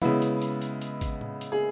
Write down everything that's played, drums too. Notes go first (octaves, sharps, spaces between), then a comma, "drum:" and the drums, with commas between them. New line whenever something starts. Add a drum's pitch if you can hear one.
C#3 G#3 B3 E4, drum: tom E3
drum: hi-hat
drum: hi-hat
drum: hi-hat
drum: hi-hat
drum: kick, hi-hat
drum: tom A2
drum: hi-hat
G#4